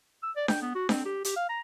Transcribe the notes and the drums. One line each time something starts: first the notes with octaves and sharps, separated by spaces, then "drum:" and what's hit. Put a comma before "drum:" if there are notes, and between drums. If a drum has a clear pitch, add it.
E6
D5
G5, drum: snare D4
B3
F#4
C4, drum: snare D4
G4
G4, drum: hi-hat
F5
A#5